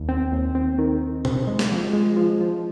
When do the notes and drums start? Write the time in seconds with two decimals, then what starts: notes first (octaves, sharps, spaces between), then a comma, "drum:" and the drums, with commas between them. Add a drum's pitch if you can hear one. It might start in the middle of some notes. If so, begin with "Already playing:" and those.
Already playing: D#2
0.09 C4
0.32 D#2
0.55 C4
0.78 D#3
1.01 D#3
1.25 C4, drum: tom B2
1.47 G#3
1.59 drum: snare
1.71 F3
1.93 G#3
2.16 F3
2.41 F3